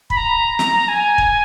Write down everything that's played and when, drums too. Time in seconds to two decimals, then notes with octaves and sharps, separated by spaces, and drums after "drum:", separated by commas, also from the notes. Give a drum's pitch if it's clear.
0.10 B5, drum: kick
0.17 A#5
0.59 drum: snare
0.88 G#5
1.18 drum: kick